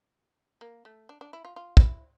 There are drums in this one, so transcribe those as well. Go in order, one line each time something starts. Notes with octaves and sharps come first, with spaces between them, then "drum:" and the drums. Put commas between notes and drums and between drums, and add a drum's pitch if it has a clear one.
A#3
A3
D4
D4
E4
F4
F4
D4, drum: kick
E4